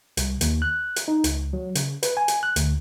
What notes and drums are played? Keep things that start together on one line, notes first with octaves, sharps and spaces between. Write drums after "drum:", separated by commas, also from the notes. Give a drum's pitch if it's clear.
C2, drum: hi-hat
D#2, drum: hi-hat
F#6
drum: hi-hat
D#4
C#2, drum: hi-hat
F#3
C#3, drum: hi-hat
B4, drum: hi-hat
G#5
drum: hi-hat
F#6
D2, drum: hi-hat